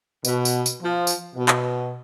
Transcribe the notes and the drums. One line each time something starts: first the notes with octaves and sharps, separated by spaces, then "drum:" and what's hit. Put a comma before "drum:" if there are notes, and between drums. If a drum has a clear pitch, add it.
B2, drum: tambourine
drum: tambourine
drum: tambourine
F3
drum: tambourine
B2
drum: clap